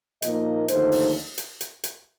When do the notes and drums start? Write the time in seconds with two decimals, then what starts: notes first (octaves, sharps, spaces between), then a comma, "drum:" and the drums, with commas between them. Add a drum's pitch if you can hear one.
0.22 A#2 F3 A#3 D#4 D#5, drum: hi-hat
0.68 D#2 D3 F3 A3 D#4 C5, drum: hi-hat
0.92 drum: open hi-hat
1.38 drum: hi-hat
1.61 drum: hi-hat
1.84 drum: hi-hat